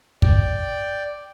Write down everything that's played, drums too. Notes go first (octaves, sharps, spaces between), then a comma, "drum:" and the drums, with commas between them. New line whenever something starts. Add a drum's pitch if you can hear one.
D5 G5, drum: kick